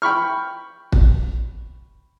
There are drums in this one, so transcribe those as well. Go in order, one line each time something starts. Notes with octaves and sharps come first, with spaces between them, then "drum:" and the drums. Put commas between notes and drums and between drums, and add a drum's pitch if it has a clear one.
G5 B5 C#6 F6
drum: kick